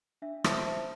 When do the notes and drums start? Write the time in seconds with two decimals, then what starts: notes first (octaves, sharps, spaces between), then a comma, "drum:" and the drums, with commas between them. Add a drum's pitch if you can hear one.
0.22 D4 E5
0.44 C5 E5 A5, drum: rim click
0.66 C5 E5 A5